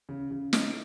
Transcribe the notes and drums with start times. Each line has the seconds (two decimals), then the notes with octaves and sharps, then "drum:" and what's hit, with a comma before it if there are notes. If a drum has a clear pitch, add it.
0.09 C#3
0.31 C#3
0.53 D#4, drum: snare